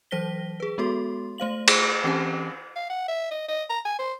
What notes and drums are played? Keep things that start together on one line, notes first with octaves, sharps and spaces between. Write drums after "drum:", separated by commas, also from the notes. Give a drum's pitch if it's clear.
E3 F#3 C5 A#6 B6 G7
G#4 B4
G#3 B3 F#4 A4 C6
A3 C5 F5 F#7
drum: cymbal
E3 C4 C#4 G4 G#5 A5
F5
F#5
E5
D#5
D#5
A#5
G#5
C5